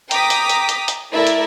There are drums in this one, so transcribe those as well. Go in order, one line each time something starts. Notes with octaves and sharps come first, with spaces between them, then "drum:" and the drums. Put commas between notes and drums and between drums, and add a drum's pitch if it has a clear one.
G5 A#5 D6 D#6 B6, drum: hi-hat
drum: hi-hat
drum: hi-hat
drum: hi-hat
drum: hi-hat
A3 E4 A#4 D5 E5
drum: hi-hat